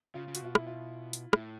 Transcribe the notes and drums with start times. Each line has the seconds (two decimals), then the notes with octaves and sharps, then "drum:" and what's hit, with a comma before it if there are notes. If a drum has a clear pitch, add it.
0.14 C#3 F4
0.28 C#3
0.35 F#4, drum: hi-hat
0.41 B2 F4
0.55 E4, drum: rim click
0.66 F4
1.13 drum: hi-hat
1.33 A2 E4, drum: rim click